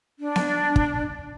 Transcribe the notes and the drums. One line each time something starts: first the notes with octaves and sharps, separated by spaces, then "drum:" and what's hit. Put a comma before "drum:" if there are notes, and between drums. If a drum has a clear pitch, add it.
D4
drum: snare B3
drum: kick